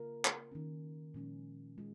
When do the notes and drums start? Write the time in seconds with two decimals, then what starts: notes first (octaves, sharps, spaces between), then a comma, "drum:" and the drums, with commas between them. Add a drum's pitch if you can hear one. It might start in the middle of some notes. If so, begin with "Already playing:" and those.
Already playing: C#3 A#3 F4 A#4
0.25 drum: clap
0.51 D#3 A#3 C#4
1.14 A#2 F3 G#3 C#4
1.78 G#3 F4